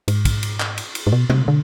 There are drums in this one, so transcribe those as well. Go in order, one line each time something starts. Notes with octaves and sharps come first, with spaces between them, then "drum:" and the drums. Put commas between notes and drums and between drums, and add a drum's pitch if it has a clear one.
G#2, drum: cymbal
drum: kick, cymbal
drum: cymbal
drum: clap
drum: cymbal
drum: cymbal
G#2
B2
C3, drum: tom B2
D3